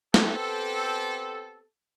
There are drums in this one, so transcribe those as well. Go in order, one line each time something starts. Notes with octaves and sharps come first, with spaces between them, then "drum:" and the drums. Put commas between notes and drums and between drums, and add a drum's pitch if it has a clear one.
B3 C4 G4 A4, drum: snare